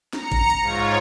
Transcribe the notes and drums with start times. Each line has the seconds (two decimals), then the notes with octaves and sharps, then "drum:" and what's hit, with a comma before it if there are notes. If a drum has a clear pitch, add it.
0.13 A#5 C#7, drum: snare
0.32 drum: kick G#1
0.50 drum: hi-hat
0.60 G#2 F4 C#5